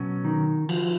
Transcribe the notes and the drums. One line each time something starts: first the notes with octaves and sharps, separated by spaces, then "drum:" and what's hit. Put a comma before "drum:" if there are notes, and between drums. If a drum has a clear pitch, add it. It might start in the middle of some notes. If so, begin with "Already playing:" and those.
Already playing: B2 F#3 C#4
D#3
F3, drum: cymbal